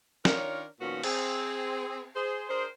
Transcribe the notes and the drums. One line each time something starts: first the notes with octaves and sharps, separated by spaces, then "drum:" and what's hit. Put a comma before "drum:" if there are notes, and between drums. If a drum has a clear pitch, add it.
D#3 C#4 D4 F4 A#4 C#5, drum: snare
A#2 D#3 F3 B3 C#4 F#4
C4 G#4, drum: cymbal
G#4 C5
D4 G#4 A#4 C5